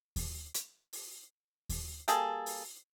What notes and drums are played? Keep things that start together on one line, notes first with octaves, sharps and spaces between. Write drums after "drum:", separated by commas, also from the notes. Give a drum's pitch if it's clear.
drum: kick D#2, open hi-hat
drum: hi-hat
drum: open hi-hat
drum: kick D#2, open hi-hat
G3 A#3 G#4 A4, drum: hi-hat
drum: open hi-hat